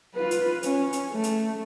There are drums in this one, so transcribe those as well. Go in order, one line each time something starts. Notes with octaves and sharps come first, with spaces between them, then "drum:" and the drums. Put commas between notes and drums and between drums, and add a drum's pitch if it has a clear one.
F4 B4
drum: hi-hat
C#4, drum: hi-hat
drum: hi-hat
A3
drum: hi-hat